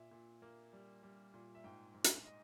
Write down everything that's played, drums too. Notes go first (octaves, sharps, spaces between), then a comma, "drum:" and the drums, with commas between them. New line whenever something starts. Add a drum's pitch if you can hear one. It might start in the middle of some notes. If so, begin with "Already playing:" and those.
Already playing: A#2 E5
A#2
A#3
G3
G3
A#2
E5
G#2 G5
G#2
drum: hi-hat
D#5